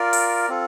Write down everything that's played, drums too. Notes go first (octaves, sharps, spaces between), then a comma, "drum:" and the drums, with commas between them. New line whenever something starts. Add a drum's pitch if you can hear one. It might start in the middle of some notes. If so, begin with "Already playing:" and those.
Already playing: F4 A#4 D5
drum: open hi-hat
C4 F4 A4